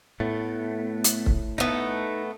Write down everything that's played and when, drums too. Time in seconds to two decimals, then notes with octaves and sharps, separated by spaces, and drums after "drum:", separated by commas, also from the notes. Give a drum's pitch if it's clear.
0.20 A2 A3 B3
1.04 drum: hi-hat
1.26 drum: kick C#1
1.58 A3 B3 D#4 A4